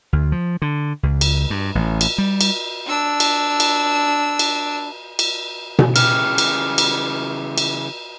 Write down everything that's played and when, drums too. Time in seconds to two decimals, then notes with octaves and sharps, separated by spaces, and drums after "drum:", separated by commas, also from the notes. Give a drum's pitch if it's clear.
0.13 D2
0.32 F3
0.62 D3
1.03 C#2
1.21 drum: cymbal
1.50 G2
1.75 A1
2.01 drum: cymbal
2.18 G3
2.41 drum: cymbal
2.86 D4 E6
3.20 drum: cymbal
3.60 drum: cymbal
4.39 drum: cymbal
5.19 drum: cymbal
5.79 drum: tom B2
5.96 C#3 E3 G4 F6, drum: cymbal
6.38 drum: cymbal
6.78 drum: cymbal
7.58 drum: cymbal